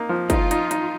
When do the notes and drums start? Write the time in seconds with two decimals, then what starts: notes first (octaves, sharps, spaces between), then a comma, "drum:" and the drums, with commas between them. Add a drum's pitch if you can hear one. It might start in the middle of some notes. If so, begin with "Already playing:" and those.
Already playing: A#3 D#4
0.09 F3
0.30 D#4 F4, drum: kick, hi-hat
0.51 D#4, drum: hi-hat
0.71 D#4, drum: hi-hat